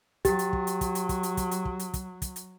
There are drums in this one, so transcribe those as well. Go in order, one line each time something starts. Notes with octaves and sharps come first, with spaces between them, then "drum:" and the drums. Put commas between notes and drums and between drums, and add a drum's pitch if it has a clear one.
F#3 G4, drum: kick, hi-hat
drum: hi-hat
drum: kick
drum: hi-hat
drum: kick, hi-hat
drum: hi-hat
drum: kick, hi-hat
drum: hi-hat
drum: kick, hi-hat
drum: hi-hat
drum: kick
drum: hi-hat
drum: kick, hi-hat
drum: kick, hi-hat
drum: hi-hat